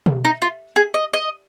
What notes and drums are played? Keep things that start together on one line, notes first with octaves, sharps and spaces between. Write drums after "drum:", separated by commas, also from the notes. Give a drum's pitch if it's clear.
drum: tom B2
D#4
F4
G#4
D#5
D#5